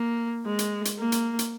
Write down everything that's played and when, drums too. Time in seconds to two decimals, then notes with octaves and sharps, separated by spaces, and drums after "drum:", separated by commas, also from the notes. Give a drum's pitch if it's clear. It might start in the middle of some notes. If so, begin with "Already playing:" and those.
Already playing: A#3
0.45 G#3
0.59 drum: hi-hat
0.85 drum: hi-hat
0.98 A#3
1.12 drum: hi-hat
1.39 drum: hi-hat